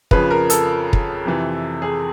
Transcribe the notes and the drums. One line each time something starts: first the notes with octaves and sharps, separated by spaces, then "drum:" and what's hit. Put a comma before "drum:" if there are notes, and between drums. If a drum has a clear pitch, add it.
F2 C#3 F3 B4, drum: kick
A#4
A4, drum: hi-hat
drum: kick
F2 C3 E3
G#4